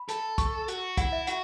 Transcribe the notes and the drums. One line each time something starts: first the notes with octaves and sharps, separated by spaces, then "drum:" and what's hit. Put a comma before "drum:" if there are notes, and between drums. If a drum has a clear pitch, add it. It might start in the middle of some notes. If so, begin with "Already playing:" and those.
Already playing: B5
A4, drum: hi-hat
C#6, drum: kick, hi-hat
F#4, drum: hi-hat
E4 F#5, drum: kick, hi-hat
E5
F#4 F#5, drum: hi-hat